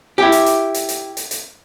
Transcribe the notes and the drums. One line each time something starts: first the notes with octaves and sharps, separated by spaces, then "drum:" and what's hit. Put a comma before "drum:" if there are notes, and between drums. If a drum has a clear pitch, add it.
E4 G4
drum: hi-hat
drum: hi-hat
drum: hi-hat
drum: hi-hat
drum: hi-hat
drum: hi-hat